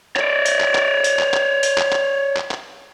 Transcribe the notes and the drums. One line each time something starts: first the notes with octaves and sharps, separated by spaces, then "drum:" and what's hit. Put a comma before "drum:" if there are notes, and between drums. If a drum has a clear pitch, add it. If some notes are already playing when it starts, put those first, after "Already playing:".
C#5 D5, drum: clap
drum: hi-hat
drum: clap
drum: clap
drum: hi-hat
drum: clap
drum: clap
drum: hi-hat
drum: clap
drum: clap
drum: clap
drum: clap